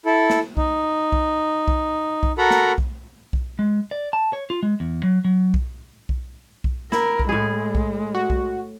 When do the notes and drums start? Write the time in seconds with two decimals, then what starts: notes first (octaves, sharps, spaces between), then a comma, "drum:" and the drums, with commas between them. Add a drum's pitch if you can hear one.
0.06 E4 A4
0.30 drum: snare
0.57 D#4, drum: kick B1
1.12 drum: kick B1
1.68 drum: kick B1
2.23 drum: kick B1
2.38 F#4 A4 A#4 A#5 B5
2.50 drum: snare
2.78 drum: kick B1
3.33 drum: kick B1
3.59 G#3
3.91 D5
4.13 A5
4.33 C#5
4.50 F4
4.63 G#3
4.80 E2
5.03 F#3
5.25 F#3
5.54 drum: kick B1
6.09 drum: kick B1
6.64 drum: kick B1
6.92 E4 A#4, drum: snare
7.20 drum: kick B1
7.29 A2 G#3 G#4
7.75 drum: kick B1
8.15 F#4
8.30 drum: kick B1